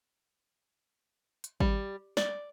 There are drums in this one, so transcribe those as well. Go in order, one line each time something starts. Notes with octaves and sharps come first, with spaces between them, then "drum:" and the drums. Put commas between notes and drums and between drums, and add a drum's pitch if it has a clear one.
drum: hi-hat
G3, drum: kick G#1
D5, drum: snare